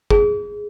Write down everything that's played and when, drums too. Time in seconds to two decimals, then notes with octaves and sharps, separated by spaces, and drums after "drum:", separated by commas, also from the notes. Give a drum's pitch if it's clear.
0.10 G#4, drum: kick